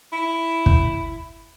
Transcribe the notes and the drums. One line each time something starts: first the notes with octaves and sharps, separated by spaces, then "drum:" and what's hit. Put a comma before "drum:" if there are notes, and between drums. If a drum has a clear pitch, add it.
E4
drum: kick